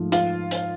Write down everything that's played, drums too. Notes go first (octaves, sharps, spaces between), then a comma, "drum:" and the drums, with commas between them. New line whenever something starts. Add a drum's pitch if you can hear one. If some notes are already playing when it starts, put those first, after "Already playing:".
Already playing: G#2 F3 A3
F4, drum: hi-hat
drum: hi-hat